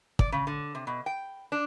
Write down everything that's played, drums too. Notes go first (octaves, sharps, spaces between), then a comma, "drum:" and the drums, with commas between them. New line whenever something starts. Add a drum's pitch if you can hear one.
D5, drum: kick
C#3
D3
C3
B2
G5
D4